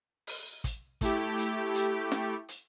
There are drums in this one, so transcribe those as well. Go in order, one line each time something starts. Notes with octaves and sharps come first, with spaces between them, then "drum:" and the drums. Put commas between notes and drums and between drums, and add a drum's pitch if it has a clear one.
drum: open hi-hat
drum: kick, hi-hat
A3 E4 G4, drum: kick, hi-hat
drum: hi-hat
drum: hi-hat
drum: snare
drum: hi-hat